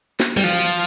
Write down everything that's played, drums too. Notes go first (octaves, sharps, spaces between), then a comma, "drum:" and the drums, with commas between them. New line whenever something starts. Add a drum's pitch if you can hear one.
drum: snare
G3
F3